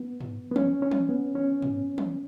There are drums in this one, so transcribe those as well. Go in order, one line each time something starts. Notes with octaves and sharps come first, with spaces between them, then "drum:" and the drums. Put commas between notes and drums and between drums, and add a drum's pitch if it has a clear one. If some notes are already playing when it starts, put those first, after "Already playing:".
Already playing: B3
drum: tom
B3
C#4, drum: tom
C#4
drum: tom
B3
C#4
drum: tom
drum: tom